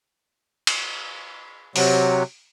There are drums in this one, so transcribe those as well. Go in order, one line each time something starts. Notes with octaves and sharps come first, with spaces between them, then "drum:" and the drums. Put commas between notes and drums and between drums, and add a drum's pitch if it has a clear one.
drum: cymbal
C3 F#3, drum: open hi-hat